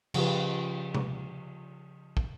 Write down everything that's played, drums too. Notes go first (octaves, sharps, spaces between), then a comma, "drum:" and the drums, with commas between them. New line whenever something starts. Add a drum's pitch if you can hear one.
C#3 F3 F4 G4 B4, drum: cymbal
drum: tom C3
drum: kick